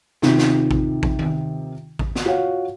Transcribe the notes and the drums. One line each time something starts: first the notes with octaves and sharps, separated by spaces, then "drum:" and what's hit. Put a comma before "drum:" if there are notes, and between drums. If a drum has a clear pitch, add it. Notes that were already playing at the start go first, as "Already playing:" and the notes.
C3 D#3 D#4 F4, drum: snare
drum: snare
drum: kick A1
drum: kick A1
drum: tom D#3
drum: kick A1
drum: snare
F4 F#4 C#5 F5 F#5